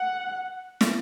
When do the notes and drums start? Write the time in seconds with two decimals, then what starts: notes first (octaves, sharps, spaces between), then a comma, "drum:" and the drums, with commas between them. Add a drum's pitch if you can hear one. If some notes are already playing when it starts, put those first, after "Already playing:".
Already playing: F#5
0.81 drum: snare